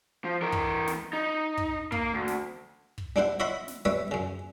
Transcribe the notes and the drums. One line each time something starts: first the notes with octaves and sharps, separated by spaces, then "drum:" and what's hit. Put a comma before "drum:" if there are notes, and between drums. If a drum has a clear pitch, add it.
F3
E3 A#4
drum: kick
drum: snare
D#4
drum: kick
A#3, drum: kick
D2
drum: snare
drum: kick
G3 D4 E4 C5 F#5
C#5 D#5 E5 F#5 B5 C6
drum: snare
G3 B4 C#5 E5
F#2 C#3